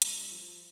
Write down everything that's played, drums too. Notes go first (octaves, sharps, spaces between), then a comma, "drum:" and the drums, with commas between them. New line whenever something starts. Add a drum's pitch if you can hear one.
G2, drum: hi-hat
F3